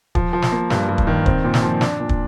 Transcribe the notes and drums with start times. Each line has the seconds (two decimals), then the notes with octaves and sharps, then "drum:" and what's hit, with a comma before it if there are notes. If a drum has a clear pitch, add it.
0.15 F3, drum: kick
0.33 F3
0.42 drum: snare
0.52 A#3
0.70 G2, drum: snare
0.89 G2
0.98 drum: kick
1.07 D#3
1.26 C4, drum: kick
1.45 A#2
1.54 drum: snare
1.63 F3
1.81 D4, drum: snare
2.00 A#2
2.09 drum: kick